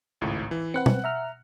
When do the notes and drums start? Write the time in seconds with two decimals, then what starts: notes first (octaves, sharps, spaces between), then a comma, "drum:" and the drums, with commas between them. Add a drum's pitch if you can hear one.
0.21 G#1 C#2 A2
0.51 E3
0.74 C4 B4 F#5 F#6 C#7
0.86 drum: tom B2
1.04 E5 A#5 F6